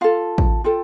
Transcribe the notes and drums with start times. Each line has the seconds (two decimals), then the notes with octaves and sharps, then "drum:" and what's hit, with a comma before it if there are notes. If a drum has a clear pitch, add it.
0.01 F4 A4 F5
0.38 drum: kick
0.64 F4 A4 G5